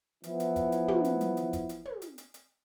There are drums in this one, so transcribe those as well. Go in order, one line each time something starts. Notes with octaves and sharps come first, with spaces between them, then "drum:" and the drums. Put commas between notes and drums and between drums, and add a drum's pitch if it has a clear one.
E3 F3 B3 E4, drum: hi-hat
drum: hi-hat
drum: kick, hi-hat
drum: hi-hat
drum: tom
drum: hi-hat
drum: hi-hat
drum: hi-hat
drum: kick, hi-hat
drum: hi-hat
drum: tom
drum: hi-hat
drum: hi-hat
drum: hi-hat